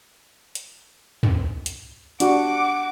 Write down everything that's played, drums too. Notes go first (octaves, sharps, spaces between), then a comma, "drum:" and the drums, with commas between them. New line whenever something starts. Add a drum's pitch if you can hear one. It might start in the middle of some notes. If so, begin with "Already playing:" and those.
drum: hi-hat
drum: tom
drum: hi-hat
D4 F#4 G4 F#5 D6, drum: hi-hat